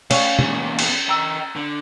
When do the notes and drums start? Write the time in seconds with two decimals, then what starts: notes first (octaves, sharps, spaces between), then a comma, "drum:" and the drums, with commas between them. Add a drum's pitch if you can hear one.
0.11 C#4 F5, drum: cymbal
0.39 E2 A#2, drum: tom
0.79 drum: cymbal
1.09 D#5 G5 A#5 E6
1.56 D3